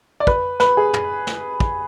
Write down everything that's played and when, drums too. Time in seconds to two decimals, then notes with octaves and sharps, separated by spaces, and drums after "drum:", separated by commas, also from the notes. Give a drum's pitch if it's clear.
0.20 D5
0.27 B4, drum: kick
0.60 B4, drum: snare
0.77 G#4
0.93 drum: tom
1.27 drum: snare
1.60 drum: kick